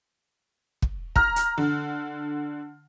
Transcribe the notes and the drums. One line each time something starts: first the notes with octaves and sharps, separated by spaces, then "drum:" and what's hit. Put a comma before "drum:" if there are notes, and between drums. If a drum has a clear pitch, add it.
drum: kick
A#5 F6, drum: kick
drum: hi-hat
D3